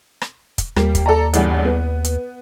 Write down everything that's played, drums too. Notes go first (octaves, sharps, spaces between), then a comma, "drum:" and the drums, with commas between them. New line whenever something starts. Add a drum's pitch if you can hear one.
drum: rim click
drum: kick, hi-hat
D#2 G3 A#3, drum: rim click
drum: kick, hi-hat
A4 D5 A#5
A1 E2 G2, drum: hi-hat
B3
drum: hi-hat